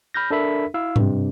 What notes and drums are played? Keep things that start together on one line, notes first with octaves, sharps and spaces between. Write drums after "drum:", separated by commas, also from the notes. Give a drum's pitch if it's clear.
B5 F6 G6 A#6
D4 A4 A#4 E5 B5 B6
E4 F5 E6
G2 C3, drum: tom G#2